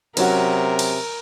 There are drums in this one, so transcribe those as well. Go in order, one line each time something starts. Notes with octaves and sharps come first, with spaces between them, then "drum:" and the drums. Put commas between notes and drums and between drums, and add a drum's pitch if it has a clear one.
C3 F#3 C#4 F#4 A#4, drum: cymbal
drum: cymbal